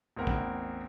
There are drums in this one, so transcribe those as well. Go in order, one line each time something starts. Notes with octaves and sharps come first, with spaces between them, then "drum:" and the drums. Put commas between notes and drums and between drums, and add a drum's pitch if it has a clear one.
A1 E2 C4 A#4 F#5 B5
drum: kick